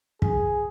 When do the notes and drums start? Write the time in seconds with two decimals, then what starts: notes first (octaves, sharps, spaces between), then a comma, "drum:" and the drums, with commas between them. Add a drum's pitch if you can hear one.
0.22 G#4, drum: kick